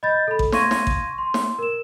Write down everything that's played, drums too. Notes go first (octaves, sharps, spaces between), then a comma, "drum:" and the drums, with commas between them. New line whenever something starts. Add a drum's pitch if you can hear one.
D#5 B5 G6 A6
A4 B5
drum: kick A1
F5 C6 C#6 G#6 A#6 D#7, drum: snare
drum: snare
drum: kick A1
C6
drum: snare
A#4 E7